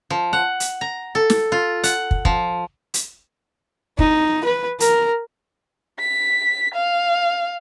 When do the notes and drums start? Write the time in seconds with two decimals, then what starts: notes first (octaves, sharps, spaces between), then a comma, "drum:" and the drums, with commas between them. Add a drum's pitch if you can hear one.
0.10 F3
0.33 F#5
0.60 drum: hi-hat
0.81 A#5
1.15 A4
1.30 drum: snare
1.52 F4
1.84 F#5, drum: hi-hat
2.11 drum: kick
2.25 F3, drum: kick
2.94 drum: hi-hat
3.99 D#4, drum: kick
4.45 B4
4.80 A#4, drum: hi-hat
5.99 B6
6.75 F5